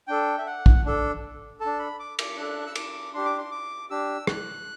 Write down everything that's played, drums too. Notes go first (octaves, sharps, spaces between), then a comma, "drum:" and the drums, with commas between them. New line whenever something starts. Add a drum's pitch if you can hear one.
D4 A4 G5
E5
F#5
drum: kick
D4 A4
A4 A5
D4
B5
D6
D6, drum: cymbal
D4 A4 F#6
E6
D6, drum: cymbal
D4 G4 C6
D6
C6
D6
D4 G4 E6
F#6, drum: rim click